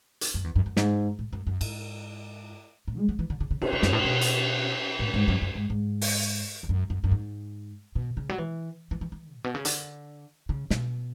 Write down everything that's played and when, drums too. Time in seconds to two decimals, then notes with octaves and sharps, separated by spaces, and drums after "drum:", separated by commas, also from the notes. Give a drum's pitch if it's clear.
0.21 drum: hi-hat
0.34 F#2
0.44 E2
0.55 F#2
0.66 F#2
0.77 G#2, drum: snare
1.19 A2
1.33 F#2
1.47 F#2
1.61 G#2, drum: cymbal
2.88 A2
2.98 G#3
3.09 F#3
3.19 E3
3.30 D3
3.40 C#3
3.51 C#3
3.62 C#3, drum: cymbal
3.73 C#3
3.83 F#2, drum: snare
3.93 A2
4.04 B2
4.21 drum: hi-hat
4.99 A2
5.14 G#2
5.28 F#2
5.42 F#2
5.55 G#2
5.70 G#2
6.01 drum: open hi-hat
6.63 E2
6.69 F#2
6.90 F#2
7.04 F#2
7.11 G#2
7.95 B2
8.17 C#3
8.29 F#3
8.38 E3
8.91 E3
9.01 E3
9.12 E3
9.34 A2
9.44 B2
9.55 C#3
9.65 D3, drum: hi-hat
10.49 C#3
10.70 B2, drum: snare